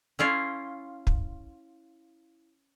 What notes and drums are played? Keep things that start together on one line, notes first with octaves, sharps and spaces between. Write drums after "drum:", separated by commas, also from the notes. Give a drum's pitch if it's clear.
C#4 E4 F4
drum: kick